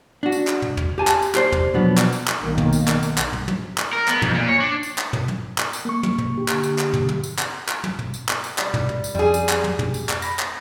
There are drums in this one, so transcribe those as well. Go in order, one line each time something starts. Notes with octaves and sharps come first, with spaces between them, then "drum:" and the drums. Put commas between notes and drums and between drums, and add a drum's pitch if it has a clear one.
D4 F#4
drum: tambourine
drum: clap
drum: tom
drum: tom
G4 G#5 A5
drum: clap
drum: tambourine
G4 C5 D5, drum: clap
drum: tom
B2 F3 F#3 B3 D4
drum: clap
drum: tambourine
drum: clap
B1 D#3 A#3
drum: tom
drum: tambourine
drum: clap
drum: tambourine
drum: clap
drum: tom
drum: tom
drum: clap
A#4
B3, drum: clap
F2, drum: tom
A#2
C#5
D4
drum: tambourine
drum: clap
drum: tom
drum: tom
drum: clap
drum: tambourine
A#3 C#6
drum: tom
drum: tom
D3 G4
drum: clap
drum: tambourine
drum: clap
drum: tom
drum: tom
drum: tambourine
drum: clap
drum: clap
drum: tom
drum: tom
drum: tambourine
drum: clap
drum: tambourine
G3, drum: clap
drum: tom
drum: tom
drum: tambourine
F2 G3 G#4
drum: tambourine
drum: clap
drum: tom
drum: tom
drum: tambourine
drum: clap
B5 A#6, drum: tambourine
drum: clap